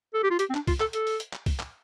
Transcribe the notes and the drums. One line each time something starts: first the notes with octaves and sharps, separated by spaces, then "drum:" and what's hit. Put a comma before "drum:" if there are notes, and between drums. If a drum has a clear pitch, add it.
A4
G4
F4
G4, drum: hi-hat
C4
D4, drum: clap
F4, drum: kick C2, open hi-hat
A4, drum: clap
A4, drum: hi-hat
drum: open hi-hat
drum: hi-hat
drum: clap
drum: kick C2, open hi-hat
drum: clap